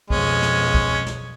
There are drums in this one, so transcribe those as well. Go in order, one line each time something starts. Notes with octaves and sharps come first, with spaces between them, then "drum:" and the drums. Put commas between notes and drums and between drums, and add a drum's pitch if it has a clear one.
F2 B2 G#3 C#4, drum: kick
drum: snare
drum: kick
drum: snare